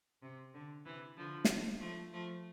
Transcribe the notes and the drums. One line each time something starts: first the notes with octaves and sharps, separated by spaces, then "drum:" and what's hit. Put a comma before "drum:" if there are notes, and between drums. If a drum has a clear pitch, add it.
C3
D3
C3 E3
D3 F3
drum: snare
F3 A3
F3 A3